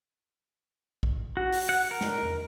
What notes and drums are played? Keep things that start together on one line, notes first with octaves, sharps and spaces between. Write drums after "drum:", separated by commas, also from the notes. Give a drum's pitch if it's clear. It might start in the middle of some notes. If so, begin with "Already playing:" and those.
drum: kick
F#4
drum: open hi-hat
F#5
A#4
drum: snare
drum: tom E2